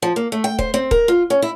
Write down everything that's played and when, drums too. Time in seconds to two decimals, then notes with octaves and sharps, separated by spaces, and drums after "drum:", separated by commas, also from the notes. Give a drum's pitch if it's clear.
0.02 F3
0.16 A#3
0.32 A3
0.44 G5
0.59 C5, drum: kick D#1
0.74 C4
0.91 A#4, drum: kick D#1
1.08 F4
1.30 C#4
1.42 E4